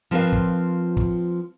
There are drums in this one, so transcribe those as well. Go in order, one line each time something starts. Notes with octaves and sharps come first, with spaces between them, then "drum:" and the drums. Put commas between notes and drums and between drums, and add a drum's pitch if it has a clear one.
F3 C4 F4 A#4 B4 F5
drum: kick
drum: kick